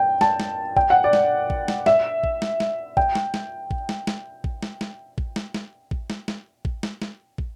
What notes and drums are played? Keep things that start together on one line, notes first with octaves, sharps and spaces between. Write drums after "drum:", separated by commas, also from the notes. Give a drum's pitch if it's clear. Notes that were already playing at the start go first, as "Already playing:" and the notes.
Already playing: G5
A5, drum: snare
drum: snare
G5, drum: kick
F#5
D5
drum: snare
drum: kick
drum: snare
E5, drum: snare
drum: kick
drum: snare
drum: snare
G5, drum: kick
drum: snare
drum: snare
drum: kick
drum: snare
drum: snare
drum: kick
drum: snare
drum: snare
drum: kick
drum: snare
drum: snare
drum: kick
drum: snare
drum: snare
drum: kick
drum: snare
drum: snare
drum: kick